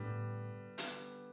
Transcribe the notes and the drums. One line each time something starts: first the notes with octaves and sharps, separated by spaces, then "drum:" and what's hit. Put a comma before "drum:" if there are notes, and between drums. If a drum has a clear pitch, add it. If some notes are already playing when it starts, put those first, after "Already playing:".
Already playing: A2 D3 G3 B3
D3 G3 B3, drum: hi-hat